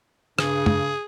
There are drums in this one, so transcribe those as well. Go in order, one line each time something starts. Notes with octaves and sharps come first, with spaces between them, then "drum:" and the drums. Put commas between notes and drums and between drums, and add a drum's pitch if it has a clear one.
G2 C#3 G#4, drum: rim click
drum: tom